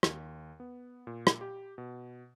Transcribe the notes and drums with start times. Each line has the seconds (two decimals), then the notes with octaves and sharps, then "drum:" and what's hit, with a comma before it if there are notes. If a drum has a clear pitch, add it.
0.03 D#2, drum: rim click
0.60 B3
1.07 A#2
1.27 drum: rim click
1.41 G4
1.78 B2